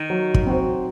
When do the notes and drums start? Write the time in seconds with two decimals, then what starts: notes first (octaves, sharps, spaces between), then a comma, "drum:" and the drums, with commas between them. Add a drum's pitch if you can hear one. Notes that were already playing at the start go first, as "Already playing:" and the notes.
Already playing: D#3
0.10 F#3
0.34 drum: kick
0.47 C4 F#4 C5